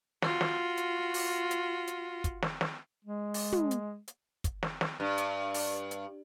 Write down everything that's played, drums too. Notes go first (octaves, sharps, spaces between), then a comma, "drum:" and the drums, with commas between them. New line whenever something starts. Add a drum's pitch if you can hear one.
F4 F#4, drum: snare
drum: snare
drum: hi-hat
drum: open hi-hat
drum: hi-hat
drum: hi-hat
drum: kick, hi-hat
drum: snare
drum: snare
G#3
drum: open hi-hat
drum: tom
drum: hi-hat
drum: hi-hat
drum: kick, hi-hat
drum: snare
drum: snare
G2
drum: hi-hat
drum: open hi-hat
drum: hi-hat